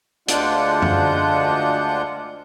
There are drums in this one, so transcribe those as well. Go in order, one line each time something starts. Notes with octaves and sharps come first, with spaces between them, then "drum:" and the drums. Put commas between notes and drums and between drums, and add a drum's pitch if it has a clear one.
D2 G#3 D4 F4 F#5 G6, drum: hi-hat
drum: tom F#2